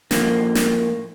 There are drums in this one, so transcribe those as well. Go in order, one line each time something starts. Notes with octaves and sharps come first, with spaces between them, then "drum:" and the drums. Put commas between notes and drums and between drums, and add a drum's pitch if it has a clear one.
A2 F3 A#3, drum: snare
drum: snare